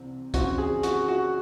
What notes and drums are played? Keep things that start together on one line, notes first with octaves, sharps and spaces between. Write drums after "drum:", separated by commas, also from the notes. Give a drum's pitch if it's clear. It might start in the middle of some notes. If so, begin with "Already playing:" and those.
Already playing: C2 C3 E3 C4
F#2 C#3 E3 C4 F#4, drum: kick, hi-hat
G#4
F#4, drum: hi-hat
F#4